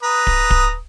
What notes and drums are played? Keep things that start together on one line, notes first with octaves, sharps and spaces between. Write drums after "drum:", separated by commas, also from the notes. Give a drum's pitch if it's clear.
B4 A#5 D#6
drum: kick D1
drum: kick D1